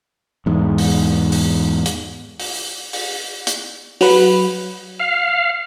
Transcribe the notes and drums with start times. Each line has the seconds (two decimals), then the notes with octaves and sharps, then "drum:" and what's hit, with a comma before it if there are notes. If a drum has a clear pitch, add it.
0.46 E2 G#2
0.78 drum: open hi-hat
1.32 drum: open hi-hat
1.86 drum: hi-hat
2.40 drum: open hi-hat
2.93 drum: open hi-hat
3.47 drum: hi-hat
4.01 F#3 B4, drum: open hi-hat
4.99 F5